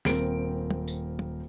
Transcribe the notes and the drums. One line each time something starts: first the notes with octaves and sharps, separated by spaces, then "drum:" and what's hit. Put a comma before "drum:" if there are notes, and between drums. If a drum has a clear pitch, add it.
D#1 C4 A#4 D7, drum: snare
drum: tom
drum: tambourine
drum: tom